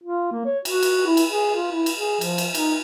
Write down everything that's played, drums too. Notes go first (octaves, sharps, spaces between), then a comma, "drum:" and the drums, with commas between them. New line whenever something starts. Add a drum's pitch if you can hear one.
F4
A#3
C#5
F#4, drum: cymbal
drum: cymbal
E4
drum: cymbal
G#4
F4
E4
drum: cymbal
G#4
F3, drum: cymbal
drum: cymbal
D#4, drum: cymbal